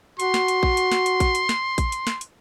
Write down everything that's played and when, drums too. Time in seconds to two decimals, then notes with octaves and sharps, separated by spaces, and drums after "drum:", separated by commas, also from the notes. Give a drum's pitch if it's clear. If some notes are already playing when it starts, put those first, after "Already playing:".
0.20 F#4 C6, drum: hi-hat
0.34 drum: snare
0.48 drum: hi-hat
0.63 drum: kick A1
0.77 drum: hi-hat
0.92 drum: snare
1.06 drum: hi-hat
1.20 drum: kick A1, hi-hat
1.35 drum: hi-hat
1.49 drum: snare
1.78 drum: kick A1, hi-hat
1.92 drum: hi-hat
2.07 drum: snare
2.21 drum: hi-hat